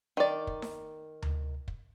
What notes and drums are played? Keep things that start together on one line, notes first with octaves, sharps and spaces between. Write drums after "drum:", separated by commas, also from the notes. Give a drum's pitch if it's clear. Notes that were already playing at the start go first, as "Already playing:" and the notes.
D#3 D5
drum: kick
drum: snare D#4
drum: tom D2
drum: kick